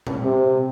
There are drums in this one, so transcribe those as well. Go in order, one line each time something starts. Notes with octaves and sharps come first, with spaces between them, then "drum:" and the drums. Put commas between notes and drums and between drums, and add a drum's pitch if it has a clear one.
drum: tom A#2
C3